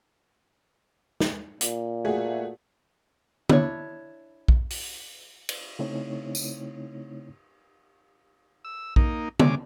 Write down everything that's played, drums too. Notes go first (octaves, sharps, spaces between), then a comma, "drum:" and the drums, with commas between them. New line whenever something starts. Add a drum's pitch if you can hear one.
drum: snare
A#2, drum: hi-hat
A3 F#4 G#4
D4 E4 C#5, drum: tom
drum: kick A#1
drum: open hi-hat
drum: cymbal
C#3 A3 C4 D#4 E4 C#5
drum: tambourine
E6
A#3 D#4, drum: kick A#1
C#3 G#3 D6, drum: tom